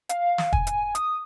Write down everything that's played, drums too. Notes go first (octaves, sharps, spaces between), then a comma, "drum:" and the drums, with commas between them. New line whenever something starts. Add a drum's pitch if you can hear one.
F5, drum: hi-hat
drum: snare
G#5, drum: kick
drum: hi-hat
D#6, drum: hi-hat